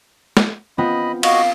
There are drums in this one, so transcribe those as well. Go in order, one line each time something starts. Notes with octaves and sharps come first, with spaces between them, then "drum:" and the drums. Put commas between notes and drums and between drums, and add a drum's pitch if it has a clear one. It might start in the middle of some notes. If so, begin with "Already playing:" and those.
drum: snare
B3 C4 F4 D#5 B5
F#4 D#5 F5, drum: cymbal